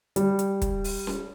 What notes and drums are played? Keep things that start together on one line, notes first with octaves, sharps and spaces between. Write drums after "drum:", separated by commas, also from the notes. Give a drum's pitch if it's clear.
G3, drum: hi-hat
drum: hi-hat
drum: kick, hi-hat
drum: open hi-hat
drum: snare C#4